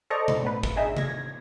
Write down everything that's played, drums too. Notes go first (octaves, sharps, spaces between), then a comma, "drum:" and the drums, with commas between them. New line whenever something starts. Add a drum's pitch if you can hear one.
A4 C5 D5 D#5 A#5 C#6
drum: tom B2
A2 B3 B4
drum: kick
D4 D#4 G#4 D#5 E5
G#6 A#6, drum: tom C3